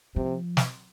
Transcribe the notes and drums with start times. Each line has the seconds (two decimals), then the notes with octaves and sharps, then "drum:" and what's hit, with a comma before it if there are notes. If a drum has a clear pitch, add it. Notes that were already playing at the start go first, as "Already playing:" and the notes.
0.16 C3 F3
0.57 drum: snare